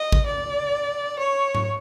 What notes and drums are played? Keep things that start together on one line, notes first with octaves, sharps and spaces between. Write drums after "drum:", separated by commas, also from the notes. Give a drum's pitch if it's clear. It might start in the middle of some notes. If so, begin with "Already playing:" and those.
Already playing: D#5
drum: kick
D5
C#5
drum: tom G#2